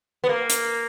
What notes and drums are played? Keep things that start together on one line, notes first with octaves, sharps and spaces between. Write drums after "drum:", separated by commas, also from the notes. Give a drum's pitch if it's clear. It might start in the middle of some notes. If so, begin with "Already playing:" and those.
B3
A#3
drum: hi-hat